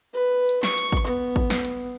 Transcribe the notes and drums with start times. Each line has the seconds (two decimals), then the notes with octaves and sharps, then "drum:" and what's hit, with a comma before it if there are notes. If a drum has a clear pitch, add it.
0.14 B4
0.49 drum: hi-hat
0.63 C#6, drum: snare
0.78 drum: hi-hat
0.92 drum: kick G#1
1.07 B3, drum: hi-hat
1.36 drum: kick G#1
1.50 drum: snare
1.65 drum: hi-hat